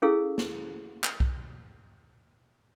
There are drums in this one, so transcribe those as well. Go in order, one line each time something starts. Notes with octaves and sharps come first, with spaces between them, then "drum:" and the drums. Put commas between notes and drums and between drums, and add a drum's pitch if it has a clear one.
C#4 E4 G#4 A4 F5 E6
drum: snare
drum: clap
drum: kick B1